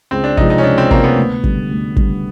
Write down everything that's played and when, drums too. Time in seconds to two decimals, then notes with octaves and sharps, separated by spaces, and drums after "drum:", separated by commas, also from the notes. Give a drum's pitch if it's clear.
0.11 C#2 C4
0.24 D4
0.37 C3 F3 G#3 D#4, drum: kick
0.50 D#4
0.58 C#4
0.63 C#2 D4
0.78 C4
0.91 C3 F3 G#3 A#3, drum: kick
1.03 B3
1.17 D2
1.44 D3 G3, drum: kick
1.71 D2
1.96 D3 G3, drum: kick